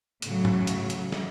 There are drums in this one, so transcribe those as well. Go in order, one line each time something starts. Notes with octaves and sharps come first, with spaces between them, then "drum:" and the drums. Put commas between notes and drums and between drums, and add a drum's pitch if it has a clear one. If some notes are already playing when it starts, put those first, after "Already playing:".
A2 C#3 F#3, drum: hi-hat
drum: tom
drum: hi-hat
drum: hi-hat
drum: snare